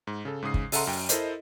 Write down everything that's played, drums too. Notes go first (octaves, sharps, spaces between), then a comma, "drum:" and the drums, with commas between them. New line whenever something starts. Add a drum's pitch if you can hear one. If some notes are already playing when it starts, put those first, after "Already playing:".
G#2
C#3 A4
G#2 C#3 D#6 C7
drum: kick
C#3 A4 E5 F#5 A#5 C6, drum: open hi-hat
F#2 G5
E4 A4 A#4 C5 D#5, drum: hi-hat